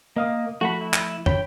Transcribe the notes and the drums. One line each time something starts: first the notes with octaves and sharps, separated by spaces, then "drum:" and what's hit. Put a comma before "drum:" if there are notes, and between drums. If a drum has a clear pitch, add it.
A#3 D#5 F5 D#6
F3 A3 F#4 F#5 B5
E4
drum: clap
C#5 G5 B5, drum: tom